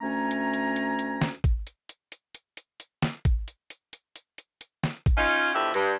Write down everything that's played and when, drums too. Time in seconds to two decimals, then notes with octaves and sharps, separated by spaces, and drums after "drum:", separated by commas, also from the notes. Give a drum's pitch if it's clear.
0.02 D2 A3 C#4 G#5 A#5
0.31 drum: hi-hat
0.54 drum: hi-hat
0.76 drum: hi-hat
0.99 drum: hi-hat
1.21 drum: snare
1.44 drum: kick, hi-hat
1.67 drum: hi-hat
1.89 drum: hi-hat
2.12 drum: hi-hat
2.35 drum: hi-hat
2.57 drum: hi-hat
2.80 drum: hi-hat
3.02 drum: snare
3.25 drum: kick, hi-hat
3.48 drum: hi-hat
3.70 drum: hi-hat
3.93 drum: hi-hat
4.16 drum: hi-hat
4.38 drum: hi-hat
4.61 drum: hi-hat
4.84 drum: snare
5.06 drum: kick, hi-hat
5.17 C#4 D#4 F4
5.29 drum: hi-hat
5.54 B2 D3 F3 E4 G4 E5
5.74 G2, drum: hi-hat